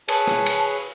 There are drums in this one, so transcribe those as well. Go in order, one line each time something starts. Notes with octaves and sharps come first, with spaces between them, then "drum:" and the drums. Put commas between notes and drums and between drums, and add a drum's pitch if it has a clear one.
G#4 B4 C#5 A5, drum: cymbal
drum: rim click
drum: cymbal